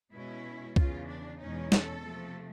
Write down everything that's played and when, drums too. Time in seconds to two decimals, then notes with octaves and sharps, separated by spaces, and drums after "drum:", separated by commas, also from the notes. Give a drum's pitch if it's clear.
0.13 B2 G#3 C#4 E4
0.76 E2 C#3 E3 F4, drum: kick C2
1.07 D4
1.39 E2 B2 G#3 C#4 D#4
1.72 A4, drum: snare
2.03 C3 F3 A3 C4